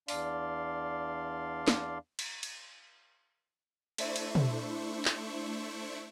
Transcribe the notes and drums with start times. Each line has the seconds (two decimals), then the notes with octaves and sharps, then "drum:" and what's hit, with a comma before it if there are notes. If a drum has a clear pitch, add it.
0.08 E2 D4 D5 F5 C6, drum: open hi-hat
1.68 drum: snare
2.19 drum: cymbal
2.43 drum: cymbal
3.98 A3 D4 E4 C5 E5 C#6, drum: cymbal
4.16 drum: cymbal
4.35 drum: tom
5.05 drum: clap